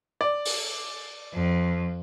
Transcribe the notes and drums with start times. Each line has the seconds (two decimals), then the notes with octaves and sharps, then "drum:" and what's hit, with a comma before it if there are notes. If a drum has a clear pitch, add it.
0.21 D5
0.45 drum: open hi-hat
1.34 F2